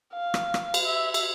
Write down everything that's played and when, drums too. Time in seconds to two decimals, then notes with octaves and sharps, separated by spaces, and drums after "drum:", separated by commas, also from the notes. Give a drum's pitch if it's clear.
0.14 F5
0.34 drum: rim click
0.54 drum: rim click
0.74 drum: cymbal
0.86 E5
1.14 drum: cymbal